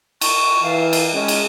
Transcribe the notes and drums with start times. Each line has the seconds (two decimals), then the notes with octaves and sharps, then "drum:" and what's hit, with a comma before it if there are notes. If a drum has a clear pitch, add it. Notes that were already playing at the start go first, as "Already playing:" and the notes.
0.21 C#6, drum: cymbal
0.63 E3 F5
0.93 drum: cymbal
1.13 G#3 C#4
1.28 drum: cymbal